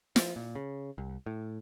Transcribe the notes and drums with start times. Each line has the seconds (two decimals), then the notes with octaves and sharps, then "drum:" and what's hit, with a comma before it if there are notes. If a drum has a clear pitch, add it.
0.16 F3, drum: snare
0.36 A#2
0.55 C#3
0.98 C2
1.26 A2